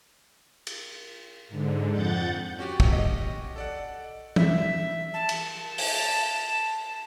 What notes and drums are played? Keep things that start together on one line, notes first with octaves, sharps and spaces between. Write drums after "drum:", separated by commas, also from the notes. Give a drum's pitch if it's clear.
drum: cymbal
G#2 D3
F2 F#5 G6 A6
C#4 F#4 G4
drum: kick
D#5
A4 D5 F#5
E5, drum: tom E3
A5
drum: cymbal
drum: open hi-hat